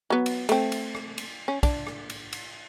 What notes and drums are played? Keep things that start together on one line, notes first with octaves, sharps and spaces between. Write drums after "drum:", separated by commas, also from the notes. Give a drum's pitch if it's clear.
F#3 B3
drum: cymbal
A3 C4, drum: cymbal
drum: cymbal
drum: rim click
drum: cymbal
C#4
D4, drum: kick, cymbal
drum: rim click
drum: cymbal
drum: cymbal